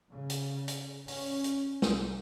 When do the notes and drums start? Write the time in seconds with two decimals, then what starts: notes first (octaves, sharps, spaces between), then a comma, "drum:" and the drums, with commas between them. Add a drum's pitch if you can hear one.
0.11 C#3
0.30 drum: hi-hat
0.68 drum: hi-hat
1.08 C#4, drum: open hi-hat
1.44 drum: hi-hat
1.82 C2, drum: snare